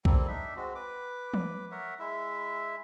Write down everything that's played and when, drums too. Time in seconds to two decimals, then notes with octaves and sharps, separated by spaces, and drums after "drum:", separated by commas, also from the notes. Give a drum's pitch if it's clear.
0.05 G3 A#3 C4 A4, drum: kick B1
0.28 D4 D#4 E5
0.56 G#3 C4 F#4
0.75 B4 D6
1.34 drum: tom E3
1.71 A#4 C#5 E5 F#5
1.99 G#3 E4 E5